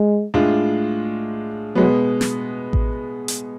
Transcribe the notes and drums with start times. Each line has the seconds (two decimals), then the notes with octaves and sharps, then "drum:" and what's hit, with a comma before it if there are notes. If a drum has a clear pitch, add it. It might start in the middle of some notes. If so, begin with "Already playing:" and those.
Already playing: G#3
0.34 A2 G#3 D4 F4
1.75 B2 F#3 G#3 B3
2.21 drum: snare
2.73 drum: kick A1
3.28 drum: hi-hat